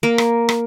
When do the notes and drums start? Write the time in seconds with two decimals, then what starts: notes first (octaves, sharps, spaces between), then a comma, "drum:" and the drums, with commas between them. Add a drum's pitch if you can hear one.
0.03 A#3
0.18 drum: rim click
0.49 drum: rim click